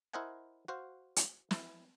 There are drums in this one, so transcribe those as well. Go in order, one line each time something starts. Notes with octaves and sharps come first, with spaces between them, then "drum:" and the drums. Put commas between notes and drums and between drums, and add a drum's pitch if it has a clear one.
E4 A#4 C5 D#5 F#5 G#5
F#4 C5 F5
drum: hi-hat
E4, drum: snare